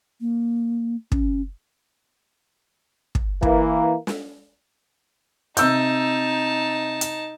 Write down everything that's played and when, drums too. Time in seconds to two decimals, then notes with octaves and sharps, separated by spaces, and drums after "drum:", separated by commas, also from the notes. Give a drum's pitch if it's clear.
0.21 A#3
1.12 C#4, drum: kick
3.15 drum: kick
3.43 E3 A#3, drum: kick
4.07 drum: snare
5.57 C3 D#4 A5 E6 G6, drum: hi-hat
7.01 drum: hi-hat